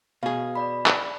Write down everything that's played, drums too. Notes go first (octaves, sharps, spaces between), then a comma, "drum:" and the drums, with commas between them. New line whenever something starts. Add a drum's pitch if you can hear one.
B2 G#4 F5
D5 B5
drum: clap